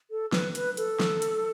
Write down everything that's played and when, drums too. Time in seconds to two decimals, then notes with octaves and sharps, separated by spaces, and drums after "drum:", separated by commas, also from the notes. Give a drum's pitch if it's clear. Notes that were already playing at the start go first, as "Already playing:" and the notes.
0.11 A4
0.32 B4, drum: snare
0.55 B4, drum: hi-hat
0.77 A4, drum: hi-hat
1.00 drum: snare
1.22 drum: hi-hat